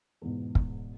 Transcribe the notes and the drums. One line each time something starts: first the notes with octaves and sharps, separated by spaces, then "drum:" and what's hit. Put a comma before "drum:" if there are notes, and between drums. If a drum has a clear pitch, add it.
E2 G#2 B2
drum: kick